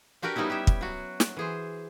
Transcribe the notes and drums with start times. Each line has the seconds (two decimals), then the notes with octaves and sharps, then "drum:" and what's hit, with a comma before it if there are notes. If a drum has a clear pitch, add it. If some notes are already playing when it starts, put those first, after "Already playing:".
0.22 D4 F#4 G4 A#4 B4
0.36 G3 B3 C#4 D#4 E4
0.50 G4 C#5 E5
0.67 drum: kick
0.81 F#3 F#4
1.20 drum: snare
1.37 E3 G#4 C5